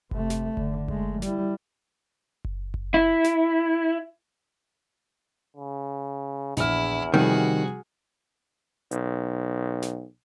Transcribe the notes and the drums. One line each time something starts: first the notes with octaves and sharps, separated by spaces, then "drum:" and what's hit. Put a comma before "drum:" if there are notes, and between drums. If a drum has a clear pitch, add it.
C3 A3, drum: kick F#1
drum: snare
D3, drum: kick F#1
G#3 A3, drum: kick F#1
G3 E4, drum: snare
drum: kick F#1
drum: kick F#1
E4
drum: snare
C#3
A#1 E2 E4 F6, drum: snare
C3 D#3 F3 G3 F#4 G#4
B1, drum: hi-hat
drum: snare